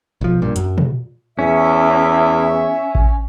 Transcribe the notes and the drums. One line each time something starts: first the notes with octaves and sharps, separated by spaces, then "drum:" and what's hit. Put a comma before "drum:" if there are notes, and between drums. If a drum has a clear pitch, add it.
B1 F3
G2 A#2
F#2, drum: hi-hat
drum: tom
E2 C#4 E5
drum: kick A1